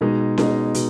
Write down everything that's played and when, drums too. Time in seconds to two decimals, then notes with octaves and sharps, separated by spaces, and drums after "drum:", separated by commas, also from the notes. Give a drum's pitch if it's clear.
0.01 B2 G#3 D#4
0.38 B2 G#3 D#4, drum: snare C#4
0.74 B2, drum: hi-hat